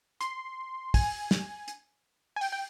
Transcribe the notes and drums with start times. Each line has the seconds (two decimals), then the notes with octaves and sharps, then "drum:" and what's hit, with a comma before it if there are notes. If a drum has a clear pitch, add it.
0.21 C6, drum: hi-hat
0.94 G#5, drum: kick, open hi-hat
1.31 drum: snare
1.68 drum: hi-hat
2.36 G#5
2.41 G5, drum: open hi-hat
2.52 G5